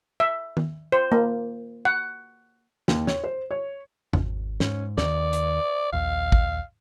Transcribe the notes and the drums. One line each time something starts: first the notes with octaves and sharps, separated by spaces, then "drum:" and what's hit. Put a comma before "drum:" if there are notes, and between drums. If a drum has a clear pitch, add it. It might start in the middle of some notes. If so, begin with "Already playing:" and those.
E5
drum: tom D#3
C5
A#3
F#5
D#2, drum: snare
C#5, drum: snare
C5
C#5
G#1, drum: tom E2
G#2 C#4, drum: snare
D#2 D#3 D5, drum: snare
drum: hi-hat
A#1 D#2 F5
drum: kick